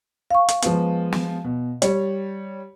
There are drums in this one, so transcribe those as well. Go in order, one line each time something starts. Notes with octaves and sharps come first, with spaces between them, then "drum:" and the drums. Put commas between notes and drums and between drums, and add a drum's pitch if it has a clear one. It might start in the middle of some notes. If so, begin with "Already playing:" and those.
F5 C#6
drum: hi-hat
F3 G#3 B3, drum: hi-hat
drum: snare
B2
G3 C#5, drum: hi-hat